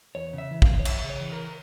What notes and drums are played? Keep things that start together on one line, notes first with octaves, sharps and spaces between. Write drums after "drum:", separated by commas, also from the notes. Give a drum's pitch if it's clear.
E2 C#5
C#3 E5
E3
F5, drum: kick
E2
C#5
E2 E5, drum: cymbal
C#3
C#5
E3
A#4